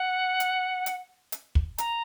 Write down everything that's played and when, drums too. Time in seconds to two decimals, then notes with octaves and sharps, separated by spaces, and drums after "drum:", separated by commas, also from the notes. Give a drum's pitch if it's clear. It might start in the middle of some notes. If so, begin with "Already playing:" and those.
Already playing: F#5
0.40 drum: hi-hat
0.86 drum: hi-hat
1.32 drum: hi-hat
1.55 drum: kick
1.78 A#5, drum: hi-hat